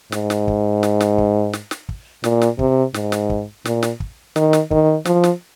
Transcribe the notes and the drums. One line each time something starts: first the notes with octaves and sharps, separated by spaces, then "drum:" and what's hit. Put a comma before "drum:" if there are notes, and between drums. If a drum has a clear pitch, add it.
G#2, drum: snare
drum: snare
drum: kick
drum: snare
drum: snare
drum: kick
drum: snare
drum: snare
drum: kick
A#2, drum: snare
drum: snare
C3, drum: kick
G#2, drum: snare
drum: snare
drum: kick
A#2, drum: snare
drum: snare
drum: kick
D#3, drum: snare
drum: snare
D#3, drum: kick
F3, drum: snare
drum: snare